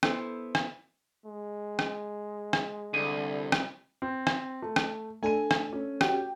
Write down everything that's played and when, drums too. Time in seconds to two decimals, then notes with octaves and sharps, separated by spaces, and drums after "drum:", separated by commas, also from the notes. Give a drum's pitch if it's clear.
0.03 B3 E4 A4 C5, drum: rim click
0.55 drum: rim click
1.26 G#3
1.79 drum: rim click
2.53 drum: rim click
2.94 C2 D3 D#7
3.52 drum: rim click
4.02 C4
4.27 drum: rim click
4.62 A3
4.76 drum: rim click
5.23 A3 D4 A4 G#5 D#7
5.51 drum: rim click
5.73 C#4
6.01 F#4 G4 G5, drum: rim click